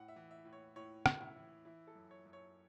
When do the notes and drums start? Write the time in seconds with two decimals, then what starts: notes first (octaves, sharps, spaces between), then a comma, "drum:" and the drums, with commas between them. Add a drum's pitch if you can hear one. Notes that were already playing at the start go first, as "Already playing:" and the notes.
Already playing: A2 F#5
0.08 E5
0.16 E3
0.31 E5
0.45 A2
0.53 C#5
0.76 A2 C#5
1.06 A2, drum: rim click
1.20 E4
1.36 E3
1.65 E3 E4
1.87 A4
1.95 F#2
2.11 C#5
2.25 F#2
2.33 C#5